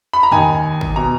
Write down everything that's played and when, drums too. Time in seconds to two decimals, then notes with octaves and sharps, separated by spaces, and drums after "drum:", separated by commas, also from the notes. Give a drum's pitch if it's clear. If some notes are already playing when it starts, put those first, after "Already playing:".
0.13 B5
0.23 A#5
0.32 D#2 D#3 G#5, drum: tom
0.81 drum: kick G#1
0.96 B2 A#5